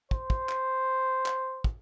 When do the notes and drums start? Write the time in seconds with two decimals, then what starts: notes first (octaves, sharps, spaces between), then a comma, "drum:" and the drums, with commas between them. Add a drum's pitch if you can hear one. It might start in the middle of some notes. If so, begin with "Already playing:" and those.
0.11 C5, drum: kick
0.30 drum: kick
0.49 drum: clap
1.26 drum: clap
1.64 drum: kick